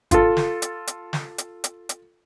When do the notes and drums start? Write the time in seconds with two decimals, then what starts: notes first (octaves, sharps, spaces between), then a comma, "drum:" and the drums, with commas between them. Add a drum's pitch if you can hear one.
0.11 F4 A4, drum: kick, hi-hat
0.37 drum: snare
0.62 drum: hi-hat
0.87 drum: hi-hat
1.13 drum: snare
1.38 drum: hi-hat
1.64 drum: hi-hat
1.89 drum: hi-hat